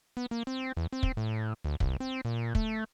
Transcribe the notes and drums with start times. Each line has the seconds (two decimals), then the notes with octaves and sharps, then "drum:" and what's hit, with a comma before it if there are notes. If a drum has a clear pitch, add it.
0.17 B3
0.31 A#3
0.47 C4
0.77 E2
0.92 C4
1.03 drum: kick
1.17 A2
1.65 D2
1.80 C2, drum: kick
2.00 C4
2.25 A#2
2.55 A3, drum: kick